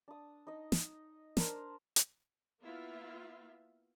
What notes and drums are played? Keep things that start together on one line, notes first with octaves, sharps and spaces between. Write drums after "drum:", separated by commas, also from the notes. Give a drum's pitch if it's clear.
D4 D#6
D#4 D#5
drum: snare
D4 A#4 C5, drum: snare
drum: hi-hat
A#3 B3 E4 F4 E5 F5